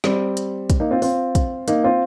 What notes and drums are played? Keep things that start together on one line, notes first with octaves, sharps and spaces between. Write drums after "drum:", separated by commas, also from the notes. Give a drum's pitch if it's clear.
G3 C4, drum: snare
drum: hi-hat
drum: kick, hi-hat
A#3 D#4
C4 F4
C4 F4, drum: open hi-hat
drum: kick, hi-hat
A#3 D#4, drum: hi-hat
C4 F4